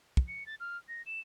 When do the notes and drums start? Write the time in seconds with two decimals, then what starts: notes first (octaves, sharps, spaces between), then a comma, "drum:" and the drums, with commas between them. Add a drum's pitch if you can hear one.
0.17 drum: kick
0.28 C#7
0.46 A6
0.60 F6
0.88 A#6
1.06 E7